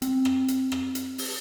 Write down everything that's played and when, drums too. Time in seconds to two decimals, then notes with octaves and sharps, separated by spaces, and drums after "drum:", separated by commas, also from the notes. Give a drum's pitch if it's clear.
0.02 C4, drum: hi-hat
0.25 drum: rim click
0.48 drum: hi-hat
0.72 drum: rim click
0.95 drum: hi-hat
1.18 drum: open hi-hat